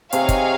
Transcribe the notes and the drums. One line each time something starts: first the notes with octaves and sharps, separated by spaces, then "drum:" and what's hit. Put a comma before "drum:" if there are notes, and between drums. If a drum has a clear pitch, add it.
C3 D#4 G#4 C#5 F5, drum: hi-hat
drum: kick, hi-hat